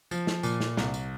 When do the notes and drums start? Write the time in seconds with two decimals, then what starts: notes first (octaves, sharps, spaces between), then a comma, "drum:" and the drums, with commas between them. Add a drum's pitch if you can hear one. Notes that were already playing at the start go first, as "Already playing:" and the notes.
0.11 F3, drum: tambourine
0.27 drum: snare
0.43 A#2, drum: tambourine
0.60 drum: snare
0.77 C2, drum: snare
0.94 drum: tambourine